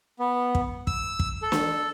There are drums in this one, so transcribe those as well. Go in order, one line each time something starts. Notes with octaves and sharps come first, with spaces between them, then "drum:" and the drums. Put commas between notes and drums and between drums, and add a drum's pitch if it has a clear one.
B3
drum: kick
E6, drum: kick
drum: kick
A4
drum: snare